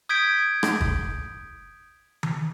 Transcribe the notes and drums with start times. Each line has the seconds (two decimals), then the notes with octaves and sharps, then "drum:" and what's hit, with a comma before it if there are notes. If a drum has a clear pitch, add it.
0.09 D#6 G6 G#6 B6 D7
0.63 drum: rim click
0.81 drum: kick
2.23 drum: tom D#3